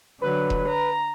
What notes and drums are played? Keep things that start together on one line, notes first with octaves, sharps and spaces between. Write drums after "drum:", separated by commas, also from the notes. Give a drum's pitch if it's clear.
D3 F#3 B4
drum: kick E1
A#5